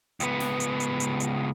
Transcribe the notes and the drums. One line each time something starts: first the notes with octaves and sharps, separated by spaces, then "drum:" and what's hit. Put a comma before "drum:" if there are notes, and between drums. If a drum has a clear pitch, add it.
C#2 B3, drum: hi-hat
drum: snare
drum: hi-hat
drum: hi-hat
drum: hi-hat
drum: hi-hat